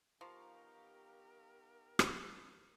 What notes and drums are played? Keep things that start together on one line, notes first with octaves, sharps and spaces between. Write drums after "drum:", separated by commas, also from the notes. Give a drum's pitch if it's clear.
F3 B3 D#4 G4 A#4 F5 A#5 C#6
drum: rim click